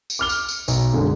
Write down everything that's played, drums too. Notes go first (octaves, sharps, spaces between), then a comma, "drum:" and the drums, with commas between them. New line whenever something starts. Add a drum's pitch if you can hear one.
drum: tambourine
D6 F6 G7
drum: tambourine
drum: tambourine
B1, drum: tambourine
F#2 D3 G#3